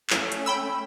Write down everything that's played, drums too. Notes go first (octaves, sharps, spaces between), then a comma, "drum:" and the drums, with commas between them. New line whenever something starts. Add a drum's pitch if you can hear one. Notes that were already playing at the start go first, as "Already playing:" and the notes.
A3 C#4, drum: clap
drum: hi-hat
G5 B5 E6